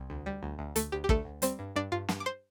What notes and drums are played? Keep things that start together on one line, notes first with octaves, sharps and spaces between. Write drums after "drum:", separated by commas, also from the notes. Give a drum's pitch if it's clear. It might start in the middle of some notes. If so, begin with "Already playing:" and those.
Already playing: C2
D2
G3
D2
D2
D2 A3 A4, drum: hi-hat
D2 G4
G4
D2 A3 A4, drum: kick
D2
G3 C4 C5, drum: hi-hat
G2
G2 D4 D5
G2 F4 F5
G2, drum: snare
D6
C5 C6